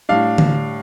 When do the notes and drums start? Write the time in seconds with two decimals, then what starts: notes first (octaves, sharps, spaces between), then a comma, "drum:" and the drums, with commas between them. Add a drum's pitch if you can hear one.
0.09 A2 G3 D4 F5
0.38 drum: tom D3